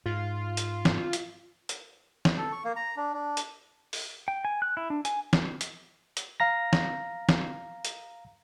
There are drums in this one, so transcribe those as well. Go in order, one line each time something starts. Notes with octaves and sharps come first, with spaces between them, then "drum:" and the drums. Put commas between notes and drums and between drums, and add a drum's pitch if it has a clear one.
G#2 F4
drum: hi-hat
drum: snare
drum: hi-hat
drum: hi-hat
drum: snare
A4
C#6
A#3
A#5
D4
D4
drum: hi-hat
drum: open hi-hat
G5
G#5
F#6
E4
D4
G#5, drum: hi-hat
drum: snare
drum: hi-hat
drum: hi-hat
F5 A#5 A#6
drum: snare
drum: snare
drum: hi-hat